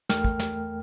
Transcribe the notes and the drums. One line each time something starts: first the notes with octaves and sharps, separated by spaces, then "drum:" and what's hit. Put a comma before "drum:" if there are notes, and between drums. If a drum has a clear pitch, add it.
E2 A3 A#4 G5 F6, drum: snare
drum: kick
drum: snare